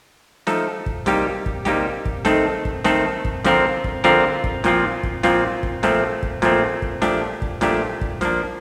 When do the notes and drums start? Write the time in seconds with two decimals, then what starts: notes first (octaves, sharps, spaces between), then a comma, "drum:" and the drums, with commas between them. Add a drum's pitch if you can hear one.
0.47 F3 A3 D#4 A4, drum: snare
0.86 drum: kick
1.06 C3 G3 A#3 D#4 G4, drum: snare
1.46 drum: kick
1.65 C3 G3 A#3 D#4 G4, drum: snare
2.05 drum: kick
2.25 D#3 A3 C4 D#4 A4, drum: snare
2.65 drum: kick
2.84 D#3 A3 C4 D#4 A4, drum: snare
3.25 drum: kick
3.44 D3 F3 C4 F4 A#4, drum: snare
3.84 drum: kick
4.04 D3 F3 C4 F4 A#4, drum: snare
4.44 drum: kick
4.64 A#2 F3 C4 F4, drum: snare
5.03 drum: kick
5.23 A#2 F3 C4 F4, drum: snare
5.63 drum: kick
5.83 A#2 F3 A3 C4, drum: snare
6.23 drum: kick
6.42 A#2 F3 A3 C4, drum: snare
6.82 drum: kick
7.02 A#2 F3 A3 D4 G4, drum: snare
7.42 drum: kick
7.61 A#2 F3 A3 D4 G4, drum: snare
8.01 drum: kick
8.21 F3 A#3 D4, drum: snare